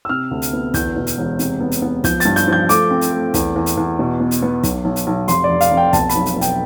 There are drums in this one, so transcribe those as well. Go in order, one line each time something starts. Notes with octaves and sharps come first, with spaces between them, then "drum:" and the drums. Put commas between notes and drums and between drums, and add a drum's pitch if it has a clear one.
E6
C3 F6
D2
drum: hi-hat
B3
E2 G6, drum: kick, hi-hat
B2
drum: hi-hat
E1
C3, drum: hi-hat
B3
drum: hi-hat
B3
F3 G6, drum: kick, hi-hat
A6, drum: hi-hat
G2
G6, drum: hi-hat
F3 G6
A3 D6, drum: hi-hat
C4
drum: hi-hat
A3
E2, drum: kick, hi-hat
E2
drum: hi-hat
E2
B2
B3
drum: hi-hat
B3
B1, drum: kick, hi-hat
B1
drum: hi-hat
B1
F1 C6, drum: hi-hat
D5
F1
F5, drum: hi-hat
F1
G5
B2 A5, drum: kick, hi-hat
B5, drum: hi-hat
B1
drum: hi-hat
B2
G5, drum: hi-hat